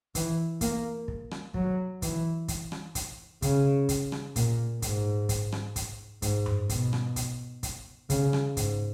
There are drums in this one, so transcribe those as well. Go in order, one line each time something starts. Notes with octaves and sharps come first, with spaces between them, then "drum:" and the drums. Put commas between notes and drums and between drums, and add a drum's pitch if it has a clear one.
E3, drum: kick, hi-hat
A#3, drum: kick, hi-hat
drum: kick
drum: rim click
F#3, drum: kick
E3, drum: kick, hi-hat
drum: kick, hi-hat
drum: rim click
drum: kick, hi-hat
C#3, drum: kick, hi-hat
drum: kick, hi-hat
drum: rim click
A#2, drum: kick, hi-hat
G#2, drum: kick, hi-hat
drum: kick, hi-hat
drum: rim click
drum: kick, hi-hat
G#2, drum: kick, hi-hat
drum: tom F#2
B2, drum: kick, hi-hat
drum: rim click
drum: kick, hi-hat
drum: kick, hi-hat
C#3, drum: kick, hi-hat
drum: rim click
G#2, drum: kick, hi-hat